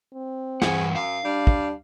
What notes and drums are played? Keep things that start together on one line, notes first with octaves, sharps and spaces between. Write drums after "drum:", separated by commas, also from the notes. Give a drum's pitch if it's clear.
C4
G2 E3 G#4 F#5, drum: snare
F#2 F5
G3 D4
drum: kick